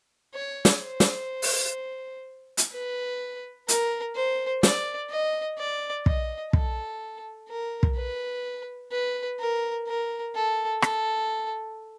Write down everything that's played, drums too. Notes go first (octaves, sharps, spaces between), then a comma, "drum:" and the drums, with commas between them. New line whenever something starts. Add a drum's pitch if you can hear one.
C#5
drum: snare
C5
drum: snare
drum: open hi-hat
drum: hi-hat
B4
A#4, drum: hi-hat
C5
D5, drum: snare
D#5
D5
D#5, drum: kick
A4, drum: kick
A#4
drum: kick
B4
B4
A#4
A#4
A4
A4, drum: rim click